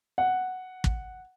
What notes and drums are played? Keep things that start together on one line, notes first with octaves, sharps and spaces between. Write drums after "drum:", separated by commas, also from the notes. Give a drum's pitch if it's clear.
F#5
drum: kick